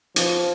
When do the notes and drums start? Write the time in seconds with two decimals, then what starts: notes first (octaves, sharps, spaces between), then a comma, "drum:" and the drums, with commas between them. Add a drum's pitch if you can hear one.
0.16 F3, drum: hi-hat